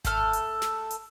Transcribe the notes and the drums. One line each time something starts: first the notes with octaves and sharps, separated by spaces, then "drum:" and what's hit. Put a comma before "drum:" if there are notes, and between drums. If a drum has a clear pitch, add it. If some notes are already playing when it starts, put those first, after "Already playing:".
A3 A4 F6, drum: kick G#1, hi-hat
drum: hi-hat
drum: snare
drum: hi-hat